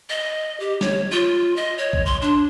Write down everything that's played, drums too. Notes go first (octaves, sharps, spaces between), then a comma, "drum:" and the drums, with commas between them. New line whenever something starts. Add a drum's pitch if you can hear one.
D#5
G4
C#5, drum: snare
F4
D#5
C#5
drum: kick
C6
D4